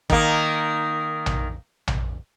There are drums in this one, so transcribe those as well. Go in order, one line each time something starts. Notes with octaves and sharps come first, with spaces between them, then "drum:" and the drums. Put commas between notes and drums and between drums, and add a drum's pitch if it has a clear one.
D#3 A#3, drum: kick
drum: tom A#1
drum: tom A#1